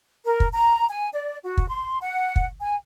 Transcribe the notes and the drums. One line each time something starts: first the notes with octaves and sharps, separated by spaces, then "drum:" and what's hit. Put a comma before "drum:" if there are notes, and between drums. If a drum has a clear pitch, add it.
A#4
drum: kick
A#5
G#5
D5
F#4
drum: kick
C6
F#5
drum: kick
G#5